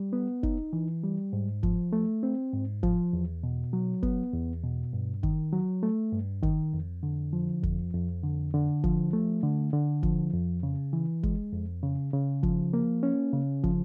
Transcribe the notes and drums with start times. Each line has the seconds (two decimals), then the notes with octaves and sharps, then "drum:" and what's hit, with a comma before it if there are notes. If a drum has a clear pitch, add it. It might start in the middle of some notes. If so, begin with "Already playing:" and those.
Already playing: G3
0.13 B3
0.43 D#4, drum: kick
0.73 E3
1.03 G3
1.33 G#2
1.63 F3, drum: kick
1.93 A3
2.23 C4
2.53 G#2
2.83 F3, drum: kick
3.13 E2
3.43 B2
3.73 F#3
4.03 B3, drum: kick
4.33 E2
4.63 B2
4.93 G2
5.23 D#3, drum: kick
5.53 F#3
5.83 A3
6.13 G2
6.43 D#3, drum: kick
6.73 F2
7.03 D3
7.33 F3
7.63 F2, drum: kick
7.93 F2
8.23 D3
8.54 D3
8.84 F3, drum: kick
9.13 A3
9.43 D3
9.73 D3
10.03 F3, drum: kick
10.33 F2
10.63 C#3
10.93 E3
11.23 G#3, drum: kick
11.53 F2
11.83 C#3
12.13 C#3
12.43 F3, drum: kick
12.73 A#3
13.03 C#4
13.33 C#3
13.64 F3, drum: kick